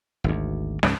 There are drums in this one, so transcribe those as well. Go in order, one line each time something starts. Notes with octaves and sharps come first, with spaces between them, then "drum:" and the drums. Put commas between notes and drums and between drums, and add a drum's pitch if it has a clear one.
G#1 D2
C#2 G#2 C#3, drum: snare